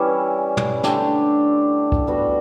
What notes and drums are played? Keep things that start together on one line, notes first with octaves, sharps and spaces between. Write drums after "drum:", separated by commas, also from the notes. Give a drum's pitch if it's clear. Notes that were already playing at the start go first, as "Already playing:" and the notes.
Already playing: E3 G3 C#4 E4
drum: tom
D3 A3 D4 G4, drum: snare
drum: kick
G3 B3 F#4